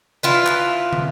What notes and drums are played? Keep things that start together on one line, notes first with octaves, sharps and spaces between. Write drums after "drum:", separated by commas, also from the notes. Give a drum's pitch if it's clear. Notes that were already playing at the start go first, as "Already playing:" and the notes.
E4 F4 B4
drum: clap
drum: tom